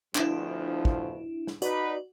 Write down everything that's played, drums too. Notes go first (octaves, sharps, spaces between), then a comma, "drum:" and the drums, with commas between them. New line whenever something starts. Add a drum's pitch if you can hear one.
D2 B2 F3 D4 E4, drum: clap
drum: kick
drum: snare
D#4 F#4 B4 D5, drum: hi-hat